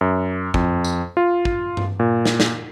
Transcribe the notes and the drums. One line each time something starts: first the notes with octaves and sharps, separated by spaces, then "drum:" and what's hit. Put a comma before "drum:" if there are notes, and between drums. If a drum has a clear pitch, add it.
F#2
F2, drum: kick
drum: tambourine
F4
drum: kick
drum: tom G2
A#2
drum: snare
drum: snare